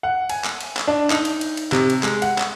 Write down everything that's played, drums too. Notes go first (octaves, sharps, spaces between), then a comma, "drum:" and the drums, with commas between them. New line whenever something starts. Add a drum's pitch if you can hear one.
F#5
G#5, drum: cymbal
drum: clap
drum: cymbal
drum: clap
D4
D#4, drum: clap
drum: cymbal
drum: cymbal
drum: cymbal
C3, drum: clap
drum: cymbal
G#3, drum: clap
F#5, drum: cymbal
drum: clap